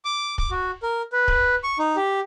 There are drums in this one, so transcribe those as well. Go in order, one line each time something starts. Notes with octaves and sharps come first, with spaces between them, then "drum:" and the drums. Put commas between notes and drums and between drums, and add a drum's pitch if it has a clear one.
D6
D6, drum: kick
F#4
A#4
B4
drum: kick
C#6
D#4
G4